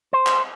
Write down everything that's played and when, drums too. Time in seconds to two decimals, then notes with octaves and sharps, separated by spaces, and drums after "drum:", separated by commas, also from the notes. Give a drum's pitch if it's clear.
0.13 C5
0.26 drum: clap